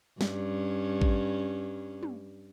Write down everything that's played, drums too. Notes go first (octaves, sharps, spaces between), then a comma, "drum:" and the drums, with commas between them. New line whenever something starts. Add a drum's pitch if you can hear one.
G2 C#4, drum: snare
drum: kick A1
drum: tom